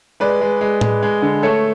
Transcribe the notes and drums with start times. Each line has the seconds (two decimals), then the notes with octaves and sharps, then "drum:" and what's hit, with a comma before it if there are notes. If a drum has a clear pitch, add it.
0.20 G#3 B4 D5
0.41 G#3
0.61 G#3
0.81 G#3, drum: tom A2
1.03 G#3
1.22 D3
1.43 A3 A4 C#5